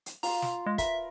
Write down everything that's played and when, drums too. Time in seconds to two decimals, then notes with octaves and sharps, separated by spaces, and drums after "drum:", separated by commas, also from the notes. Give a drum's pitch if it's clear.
0.06 drum: hi-hat
0.23 F4 A#5 C6, drum: open hi-hat
0.42 drum: snare
0.66 G#3
0.78 A#4 B4 E5, drum: kick, hi-hat